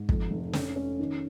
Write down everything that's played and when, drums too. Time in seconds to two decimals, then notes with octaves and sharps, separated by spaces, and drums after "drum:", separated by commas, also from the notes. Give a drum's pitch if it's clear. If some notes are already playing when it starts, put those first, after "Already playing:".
Already playing: G#2
0.09 F2, drum: kick
0.31 F1
0.53 C#4, drum: snare
0.76 C#4
0.99 D#3